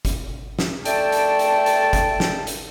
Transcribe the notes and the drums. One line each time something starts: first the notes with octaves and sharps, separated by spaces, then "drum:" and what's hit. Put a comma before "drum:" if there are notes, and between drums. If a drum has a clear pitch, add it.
drum: kick F#1, hi-hat
drum: snare
A3 D5 G5 A5, drum: hi-hat
drum: hi-hat
drum: hi-hat
drum: hi-hat
drum: kick F#1, hi-hat
drum: snare
drum: hi-hat